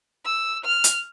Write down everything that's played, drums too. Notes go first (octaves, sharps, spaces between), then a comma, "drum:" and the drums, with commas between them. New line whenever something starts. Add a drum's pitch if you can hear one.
E6
F6
drum: hi-hat